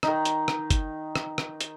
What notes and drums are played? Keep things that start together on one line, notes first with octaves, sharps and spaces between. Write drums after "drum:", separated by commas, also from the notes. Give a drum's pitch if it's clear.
D#3 D#4, drum: rim click
drum: hi-hat
drum: rim click
drum: kick G1, hi-hat
drum: rim click
drum: rim click
drum: hi-hat